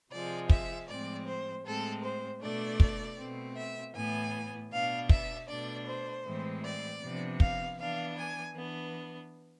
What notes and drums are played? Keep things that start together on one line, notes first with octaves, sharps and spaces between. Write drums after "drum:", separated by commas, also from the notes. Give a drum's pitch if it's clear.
C3 F3 G#3 D5
E5, drum: kick
A2 F3 G#3 C4 D5
C5
A2 G#3 C4 A4
C5
B2 A3 D4 D5
drum: kick
B2 A3 C4
E5
A2 E3 B3 G#5
B2 B3 D4 F5
E5, drum: kick
B2 A3 D4 D5
C5
A2 E3 G#3 C4
D5
C3 F3 B3 D4
F5, drum: kick
E3 B3 D4 F5
G#5
E3 B3 D4